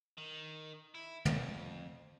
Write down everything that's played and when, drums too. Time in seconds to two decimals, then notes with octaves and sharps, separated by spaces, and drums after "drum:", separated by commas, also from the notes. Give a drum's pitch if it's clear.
0.18 D#3
0.95 E4
1.25 F2, drum: tom